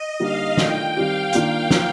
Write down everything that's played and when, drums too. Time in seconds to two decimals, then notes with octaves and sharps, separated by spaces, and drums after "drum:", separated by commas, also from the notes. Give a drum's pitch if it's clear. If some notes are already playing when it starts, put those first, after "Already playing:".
Already playing: D#5
0.20 D3 G3 A#3 D#4 F5
0.57 D#3 A3 D4 F4 G5, drum: snare
0.96 D#3 G3 C4 G4 F5
1.33 D#3 A#3 D4 F4, drum: hi-hat
1.71 F3 A#3, drum: snare